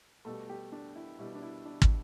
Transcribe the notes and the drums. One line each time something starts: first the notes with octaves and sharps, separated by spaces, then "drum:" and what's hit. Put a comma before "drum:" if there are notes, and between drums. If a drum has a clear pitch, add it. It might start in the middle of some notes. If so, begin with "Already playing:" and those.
B2 G3 A3 A4
G3 G4
D4
E4
B2 G3 E4
D4
E4
D4
drum: kick